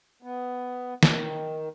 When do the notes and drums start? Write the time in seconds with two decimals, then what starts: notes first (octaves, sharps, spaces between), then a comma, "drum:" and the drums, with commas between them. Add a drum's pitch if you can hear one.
0.22 B3
1.03 D#3, drum: snare